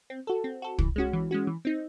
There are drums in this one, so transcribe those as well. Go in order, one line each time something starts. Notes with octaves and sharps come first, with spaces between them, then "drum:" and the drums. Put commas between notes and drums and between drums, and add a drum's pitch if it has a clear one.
C4
F#4 A4
C4
F#4 A4
E3, drum: kick
G#3 C#4 F#4
E3
G#3 C#4 F#4
E3
C4 D#4